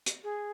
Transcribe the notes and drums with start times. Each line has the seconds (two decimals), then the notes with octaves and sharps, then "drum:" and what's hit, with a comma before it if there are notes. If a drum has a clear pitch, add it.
0.06 drum: hi-hat
0.24 G#4